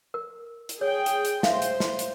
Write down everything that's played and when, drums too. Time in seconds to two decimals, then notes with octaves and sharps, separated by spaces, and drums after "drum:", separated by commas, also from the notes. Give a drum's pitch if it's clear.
0.14 A#4
0.69 drum: hi-hat
0.81 G#4 C#5 G5
1.06 drum: hi-hat
1.25 drum: hi-hat
1.43 C5 E5 F5, drum: snare
1.62 drum: hi-hat
1.80 drum: snare
1.99 drum: hi-hat